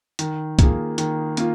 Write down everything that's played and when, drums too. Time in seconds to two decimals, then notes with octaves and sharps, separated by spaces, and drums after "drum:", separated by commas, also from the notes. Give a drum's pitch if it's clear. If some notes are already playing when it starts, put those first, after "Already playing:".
0.19 D#3, drum: hi-hat
0.59 A#3 F4 G#4, drum: kick, hi-hat
0.98 D#3, drum: hi-hat
1.37 A#3 F4, drum: hi-hat